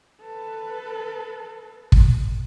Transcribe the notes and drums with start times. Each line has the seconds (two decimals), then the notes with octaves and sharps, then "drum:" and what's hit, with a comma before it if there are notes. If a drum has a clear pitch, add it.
0.21 A4 B4
1.92 drum: kick